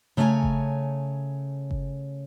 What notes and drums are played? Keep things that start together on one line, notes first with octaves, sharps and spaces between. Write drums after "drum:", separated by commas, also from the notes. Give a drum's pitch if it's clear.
C#3 A3 C#5 F5 G#5 A#5
drum: kick G1
drum: kick G1